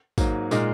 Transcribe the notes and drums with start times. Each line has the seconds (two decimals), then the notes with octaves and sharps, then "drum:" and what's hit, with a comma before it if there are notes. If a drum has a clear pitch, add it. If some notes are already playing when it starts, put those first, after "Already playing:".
0.18 G#2 F#3 A#3, drum: kick A1, tambourine
0.51 A#2 G#3 D#4 A#4, drum: tambourine